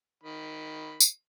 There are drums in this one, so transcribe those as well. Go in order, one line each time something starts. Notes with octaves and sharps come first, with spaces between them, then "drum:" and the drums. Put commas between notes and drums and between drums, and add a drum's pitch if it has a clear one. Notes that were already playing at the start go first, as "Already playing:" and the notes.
D#3 B5
drum: tambourine